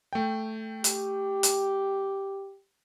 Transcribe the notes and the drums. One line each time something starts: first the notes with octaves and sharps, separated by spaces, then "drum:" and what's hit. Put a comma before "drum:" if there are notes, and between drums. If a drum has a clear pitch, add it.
A3 G5
G4, drum: hi-hat
drum: hi-hat